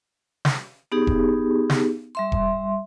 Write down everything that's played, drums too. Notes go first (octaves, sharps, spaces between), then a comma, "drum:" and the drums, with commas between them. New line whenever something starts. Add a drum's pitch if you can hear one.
drum: snare
B3 D#4 G4 G#4
drum: kick E1
drum: snare
G3 E5 C6
drum: kick E1